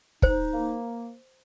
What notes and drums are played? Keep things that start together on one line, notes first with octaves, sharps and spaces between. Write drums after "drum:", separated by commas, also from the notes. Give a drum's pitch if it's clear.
D#4 C5, drum: kick
A#3